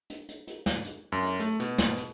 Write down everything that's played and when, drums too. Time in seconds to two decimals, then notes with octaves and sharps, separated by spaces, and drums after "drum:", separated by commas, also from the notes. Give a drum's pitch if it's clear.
0.10 drum: hi-hat
0.29 drum: hi-hat
0.47 drum: hi-hat
0.66 drum: snare
0.85 drum: hi-hat
1.12 F#2
1.22 drum: hi-hat
1.40 A3, drum: hi-hat
1.60 B2, drum: hi-hat
1.78 drum: snare
1.97 drum: hi-hat